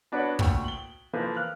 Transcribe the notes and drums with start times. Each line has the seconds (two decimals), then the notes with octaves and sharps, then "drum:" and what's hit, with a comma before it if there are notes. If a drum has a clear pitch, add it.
0.12 B3 D4 F#4 B4 C#5
0.39 D2 A#2 G5 C#6, drum: kick
0.64 F#7 G7
1.13 E3 F3 A#3 A4 B4 C5
1.36 F5 F6 F#6